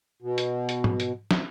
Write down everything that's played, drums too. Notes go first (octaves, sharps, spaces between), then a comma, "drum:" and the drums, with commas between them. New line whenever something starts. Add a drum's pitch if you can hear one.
B2
drum: hi-hat
drum: hi-hat
drum: tom G#2
drum: hi-hat
drum: snare